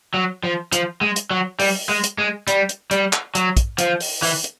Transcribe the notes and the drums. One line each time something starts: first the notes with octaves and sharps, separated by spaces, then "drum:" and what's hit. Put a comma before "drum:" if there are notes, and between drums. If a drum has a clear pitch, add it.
F#3
F3
F3, drum: hi-hat
G#3
drum: hi-hat
F#3
G3, drum: open hi-hat
G#3
drum: hi-hat
G#3
G3, drum: hi-hat
drum: hi-hat
G3, drum: hi-hat
drum: clap
F#3, drum: hi-hat
drum: kick, hi-hat
F3, drum: hi-hat
drum: open hi-hat
E3, drum: open hi-hat
drum: hi-hat